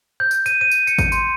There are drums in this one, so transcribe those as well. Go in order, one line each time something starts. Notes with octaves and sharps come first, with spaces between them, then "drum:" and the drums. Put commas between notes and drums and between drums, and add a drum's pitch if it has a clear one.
G6
drum: tambourine
D#7, drum: tambourine
D#7
drum: tambourine
C#7, drum: tambourine
drum: kick G#1, tambourine
C6, drum: tambourine